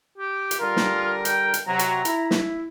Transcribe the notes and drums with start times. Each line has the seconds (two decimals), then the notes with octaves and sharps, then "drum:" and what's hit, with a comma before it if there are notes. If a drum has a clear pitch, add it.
0.18 G4
0.51 drum: hi-hat
0.60 D3 G3 F4 A#4
0.77 drum: snare
1.25 G5, drum: hi-hat
1.54 drum: hi-hat
1.67 C3 F#3 A#5
1.79 drum: hi-hat
2.05 E4, drum: hi-hat
2.31 drum: snare